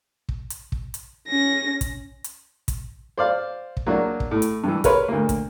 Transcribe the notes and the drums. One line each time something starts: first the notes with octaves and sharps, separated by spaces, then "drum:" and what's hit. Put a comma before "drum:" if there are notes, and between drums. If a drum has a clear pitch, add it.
drum: kick
drum: hi-hat
drum: kick
drum: hi-hat
C#4 A#6
drum: kick, hi-hat
drum: hi-hat
drum: kick, hi-hat
C5 D5 F5
drum: kick
F#3 A#3 D4
drum: kick
A2
drum: hi-hat
G2 E3
A#4 B4 C#5 B5 C6, drum: kick, hi-hat
D2 A#3
drum: kick, hi-hat